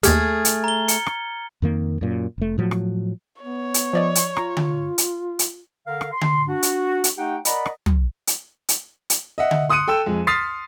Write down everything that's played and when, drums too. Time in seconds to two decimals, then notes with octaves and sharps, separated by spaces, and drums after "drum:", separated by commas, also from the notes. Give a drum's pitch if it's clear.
0.03 D#2 A3 G4 G#4 F6 G#6 A6, drum: hi-hat
0.45 drum: hi-hat
0.64 A#5 G7
0.88 C#7, drum: hi-hat
1.06 drum: rim click
1.62 F2 D#3 A#3
2.01 F#2 A#2
2.38 F1 A3
2.58 A2 F3 F#3
2.71 drum: rim click
3.42 B3 C#5
3.74 drum: hi-hat
3.93 F3 D5 D#5
4.15 drum: hi-hat
4.37 F4 A#5, drum: rim click
4.57 drum: tom D3
4.98 drum: hi-hat
5.39 drum: hi-hat
5.87 D3 A#4 F5
6.01 drum: rim click
6.12 C6
6.21 drum: tom D3
6.47 D4 F#4
6.63 drum: hi-hat
7.04 drum: hi-hat
7.17 A3 D#4 G4 F#5 G5
7.45 A#4 D5 D#5 F#5 A#5 B5, drum: hi-hat
7.66 drum: rim click
7.86 drum: tom
8.27 drum: hi-hat
8.69 drum: hi-hat
9.10 drum: hi-hat
9.38 D#5 E5 F#5
9.51 drum: tom D3
9.69 C6 D#6 F#6 C#7 D#7
9.88 A4 G5 E6 E7
10.06 F2 G#3
10.27 C6 D#6 F6 A6 B6 C7